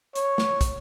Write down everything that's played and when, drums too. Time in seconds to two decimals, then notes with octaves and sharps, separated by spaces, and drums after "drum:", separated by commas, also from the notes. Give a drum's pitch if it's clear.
0.16 C#5, drum: hi-hat
0.38 drum: snare
0.61 drum: kick, hi-hat